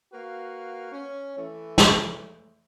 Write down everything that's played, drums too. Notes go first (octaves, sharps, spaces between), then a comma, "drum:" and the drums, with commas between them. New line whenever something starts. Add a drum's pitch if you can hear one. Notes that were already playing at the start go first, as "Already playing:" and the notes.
A#3 F#4 B4 F5
C#4
E3 A3
drum: snare